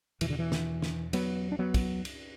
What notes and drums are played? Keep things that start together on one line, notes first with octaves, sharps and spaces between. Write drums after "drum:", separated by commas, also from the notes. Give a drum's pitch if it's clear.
E2 B2 E3, drum: cymbal
D3
E3
drum: snare
drum: snare
F#3 B3, drum: cymbal
D4
F#3 B3
drum: kick, cymbal
drum: cymbal